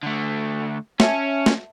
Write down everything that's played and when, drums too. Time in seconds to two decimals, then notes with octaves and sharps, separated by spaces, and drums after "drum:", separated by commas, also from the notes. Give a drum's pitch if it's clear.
0.03 D3 A3
1.00 C#4 E5 A5, drum: snare
1.46 drum: snare